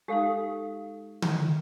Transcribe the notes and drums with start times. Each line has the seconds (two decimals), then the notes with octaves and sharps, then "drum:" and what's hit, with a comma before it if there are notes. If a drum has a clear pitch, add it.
0.08 G#3 D#4 G4 A4 F5
1.22 drum: tom D3